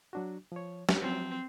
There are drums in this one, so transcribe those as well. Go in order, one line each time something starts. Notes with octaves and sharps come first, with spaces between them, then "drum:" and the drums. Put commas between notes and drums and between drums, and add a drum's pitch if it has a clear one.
F#3 D4 F#4
F3 C#5
drum: snare
F3 F#3 C4